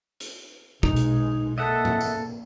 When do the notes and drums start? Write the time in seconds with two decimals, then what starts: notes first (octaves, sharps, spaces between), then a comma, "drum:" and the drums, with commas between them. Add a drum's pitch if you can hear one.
0.20 drum: hi-hat
0.83 B1 G#3 D#4, drum: kick
0.96 drum: hi-hat
1.58 A#3 A4 D#5 E5 F#5
1.85 drum: tom
2.01 drum: tambourine